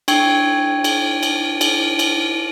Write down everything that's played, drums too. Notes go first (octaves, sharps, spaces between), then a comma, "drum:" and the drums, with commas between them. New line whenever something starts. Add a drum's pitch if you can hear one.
D4 G5 C#6 G#6, drum: cymbal
drum: cymbal
drum: cymbal
drum: cymbal
drum: cymbal